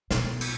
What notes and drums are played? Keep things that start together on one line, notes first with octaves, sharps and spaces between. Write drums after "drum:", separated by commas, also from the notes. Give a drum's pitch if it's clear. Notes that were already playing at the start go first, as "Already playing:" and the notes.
B2, drum: snare
drum: cymbal